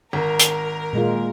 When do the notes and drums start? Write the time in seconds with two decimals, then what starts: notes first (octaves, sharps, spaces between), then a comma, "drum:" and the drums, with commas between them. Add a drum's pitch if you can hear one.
0.13 G#1 A#4
0.39 drum: hi-hat
0.93 A#2 G#3 F4